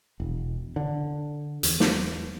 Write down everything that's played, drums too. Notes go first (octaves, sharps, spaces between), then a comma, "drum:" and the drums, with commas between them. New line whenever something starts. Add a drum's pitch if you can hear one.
E1
D3
E2, drum: hi-hat
drum: snare